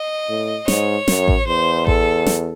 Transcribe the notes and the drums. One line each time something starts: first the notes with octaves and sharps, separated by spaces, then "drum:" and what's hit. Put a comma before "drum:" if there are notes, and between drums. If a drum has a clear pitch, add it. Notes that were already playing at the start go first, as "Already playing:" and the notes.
Already playing: D#5
A2
G#2 C#5, drum: snare
F#2, drum: snare
drum: kick A1
E2 C5
A4, drum: kick A1
drum: snare